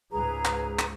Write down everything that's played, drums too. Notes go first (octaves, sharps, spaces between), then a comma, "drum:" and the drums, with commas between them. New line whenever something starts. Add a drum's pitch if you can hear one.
C#2 G#2 G#4 B4 A#5
drum: clap
drum: clap